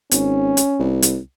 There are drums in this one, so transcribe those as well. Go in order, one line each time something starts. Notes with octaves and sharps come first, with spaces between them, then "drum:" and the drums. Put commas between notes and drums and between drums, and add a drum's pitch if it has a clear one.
G#1 C#4, drum: hi-hat
drum: hi-hat
C2
drum: hi-hat